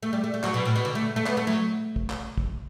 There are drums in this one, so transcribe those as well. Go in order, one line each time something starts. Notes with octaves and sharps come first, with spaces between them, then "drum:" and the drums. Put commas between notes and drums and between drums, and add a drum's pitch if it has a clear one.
A3
G3
A3
A3
F#3, drum: clap
B2
A2
B2
D3
A3
A3
B3, drum: clap
A3
F#3
drum: kick
drum: clap
drum: kick